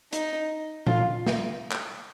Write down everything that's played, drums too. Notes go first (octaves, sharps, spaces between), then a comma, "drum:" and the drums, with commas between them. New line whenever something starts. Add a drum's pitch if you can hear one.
D#4, drum: hi-hat
F4, drum: tom A#2
drum: snare
drum: clap